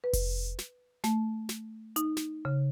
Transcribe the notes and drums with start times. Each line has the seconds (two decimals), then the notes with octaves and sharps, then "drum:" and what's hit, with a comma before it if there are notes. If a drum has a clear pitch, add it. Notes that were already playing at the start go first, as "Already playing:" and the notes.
0.04 B4
0.13 drum: kick F1, open hi-hat
0.59 drum: snare
1.04 A3, drum: snare
1.49 drum: snare
1.96 D#4, drum: hi-hat
2.17 drum: snare
2.45 C#3